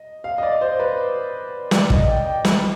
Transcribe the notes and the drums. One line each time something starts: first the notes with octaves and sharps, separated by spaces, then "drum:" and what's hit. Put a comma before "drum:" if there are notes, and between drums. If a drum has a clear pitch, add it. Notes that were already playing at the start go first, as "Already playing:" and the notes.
Already playing: D#5
F5
D#5
D5
C5
B4
D5, drum: snare
D#5, drum: kick
G5
G5
B5, drum: snare